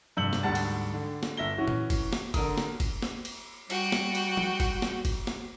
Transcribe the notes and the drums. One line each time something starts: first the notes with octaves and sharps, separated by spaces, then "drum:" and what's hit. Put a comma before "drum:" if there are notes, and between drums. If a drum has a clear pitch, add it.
F1 G2 E6 G6 C#7 F#7
drum: snare
D2 G#2 G3 F#5 A5 A6
drum: cymbal
D3
drum: snare
G1 E5 A#6 G7
E3 C#4 F#4
drum: tom A#2
drum: kick F1, cymbal
drum: snare
D3 A#4 D#6, drum: kick F1, cymbal
drum: snare
drum: kick F1, cymbal
drum: snare
drum: cymbal
G3 F#4 G5, drum: cymbal
drum: snare
drum: cymbal
drum: tom
drum: kick F1, cymbal
drum: snare
drum: kick F1, cymbal
drum: snare